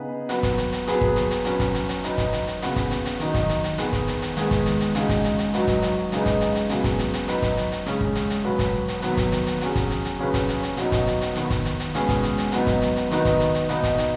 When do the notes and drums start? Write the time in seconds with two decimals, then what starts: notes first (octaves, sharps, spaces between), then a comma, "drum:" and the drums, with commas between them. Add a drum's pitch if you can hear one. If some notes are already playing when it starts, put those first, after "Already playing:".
Already playing: C#3 B3 D#4 G#4 B4
0.29 F#3 B3 F#4 B4, drum: hi-hat
0.43 drum: kick, hi-hat
0.58 drum: hi-hat
0.72 drum: hi-hat
0.87 F#3 B3 G#4 B4, drum: hi-hat
1.01 drum: kick
1.16 drum: hi-hat
1.31 drum: hi-hat
1.45 F#3 C#4 B4, drum: hi-hat
1.60 drum: kick, hi-hat
1.74 drum: hi-hat
1.89 drum: hi-hat
2.04 F#3 D#4 B4, drum: hi-hat
2.18 drum: kick, hi-hat
2.33 drum: hi-hat
2.47 drum: hi-hat
2.62 C#3 B3 F#4 B4, drum: hi-hat
2.76 drum: kick, hi-hat
2.91 drum: hi-hat
3.05 drum: hi-hat
3.20 D#3 F#3 D#4, drum: hi-hat
3.35 drum: kick, hi-hat
3.49 drum: hi-hat
3.64 drum: hi-hat
3.78 D#3 B3 G#4 B4, drum: hi-hat
3.93 drum: kick, hi-hat
4.07 drum: hi-hat
4.22 drum: hi-hat
4.37 D#3 G#3 B3, drum: hi-hat
4.51 drum: kick, hi-hat
4.66 drum: hi-hat
4.80 drum: hi-hat
4.95 C#3 G#3 D#4 F#4, drum: hi-hat
5.09 drum: kick, hi-hat
5.24 drum: hi-hat
5.38 drum: hi-hat
5.54 F#3 D#4 F#4 B4, drum: hi-hat
5.68 drum: kick, hi-hat
5.82 drum: hi-hat
6.12 C#3 G#3 D#4 G#4 B4, drum: hi-hat
6.26 drum: kick, hi-hat
6.40 drum: hi-hat
6.55 drum: hi-hat
6.69 C#3 F#3 B3 G#4, drum: hi-hat
6.84 drum: kick, hi-hat
6.99 drum: hi-hat
7.13 drum: hi-hat
7.28 F#3 D#4 F#4 B4, drum: hi-hat
7.42 drum: kick, hi-hat
7.57 drum: hi-hat
7.72 drum: hi-hat
7.86 C#3 G#3 C#4, drum: hi-hat
8.01 drum: kick
8.15 drum: hi-hat
8.30 drum: hi-hat
8.44 B2 F#3 B3 F#4 B4
8.59 drum: kick, hi-hat
8.88 drum: hi-hat
9.02 D#3 F#3 B3, drum: hi-hat
9.17 drum: kick, hi-hat
9.32 drum: hi-hat
9.46 drum: hi-hat
9.61 F#3 C#4 G#4, drum: hi-hat
9.76 drum: kick, hi-hat
9.90 drum: hi-hat
10.05 drum: hi-hat
10.19 C#3 F#3 C#4 G#4 B4
10.34 drum: kick, hi-hat
10.48 drum: hi-hat
10.63 drum: hi-hat
10.77 B2 F#3 B3 D#4, drum: hi-hat
10.92 drum: kick, hi-hat
11.07 drum: hi-hat
11.21 drum: hi-hat
11.35 D#3 B3 F#4 B4, drum: hi-hat
11.50 drum: kick, hi-hat
11.65 drum: hi-hat
11.80 drum: hi-hat
11.94 B2 G#3 C#4 G#4 B4, drum: hi-hat
12.09 drum: kick, hi-hat
12.23 drum: hi-hat
12.38 drum: hi-hat
12.52 F#3 B3 D#4, drum: hi-hat
12.67 drum: kick, hi-hat
12.82 drum: hi-hat
12.96 drum: hi-hat
13.11 D#3 B3 D#4 F#4 B4, drum: hi-hat
13.25 drum: kick, hi-hat
13.40 drum: hi-hat
13.54 drum: hi-hat
13.69 B2 B3 D#4 B4, drum: hi-hat
13.84 drum: kick, hi-hat
13.98 drum: hi-hat